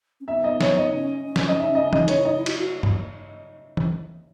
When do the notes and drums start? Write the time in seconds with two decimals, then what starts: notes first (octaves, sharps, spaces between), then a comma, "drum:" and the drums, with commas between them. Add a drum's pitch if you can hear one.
0.21 C#4
0.28 B3 E5
0.44 D#5
0.61 C#5, drum: snare
0.77 D#5
0.93 C#4
1.26 C#4
1.36 drum: snare
1.48 D#5
1.60 E5
1.75 D#5
1.93 D#5, drum: tom E3
2.08 C#5, drum: hi-hat
2.17 E4
2.25 D#4 D#5
2.37 E4
2.46 F#4, drum: cymbal
2.53 E4
2.58 F#4
2.83 drum: tom G2
3.77 drum: tom E3